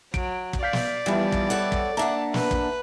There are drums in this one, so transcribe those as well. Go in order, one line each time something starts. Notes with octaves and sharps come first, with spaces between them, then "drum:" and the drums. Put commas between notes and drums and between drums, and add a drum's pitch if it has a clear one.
F#3 D7, drum: kick
drum: kick
D5 F5 G6 B6
drum: snare
E3 F3 G3 B3 E4
drum: kick
A4 C#5 F#5
drum: kick
A#3 D4 E5 F#5 A5 A#5
B4, drum: snare
drum: kick